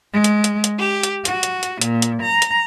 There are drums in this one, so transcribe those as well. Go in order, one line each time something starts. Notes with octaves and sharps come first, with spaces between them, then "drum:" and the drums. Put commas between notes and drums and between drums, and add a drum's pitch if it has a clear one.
G#3
drum: hi-hat
drum: hi-hat
drum: hi-hat
G4
drum: hi-hat
F#4, drum: hi-hat
drum: hi-hat
drum: hi-hat
A#2, drum: hi-hat
drum: hi-hat
A#5
drum: hi-hat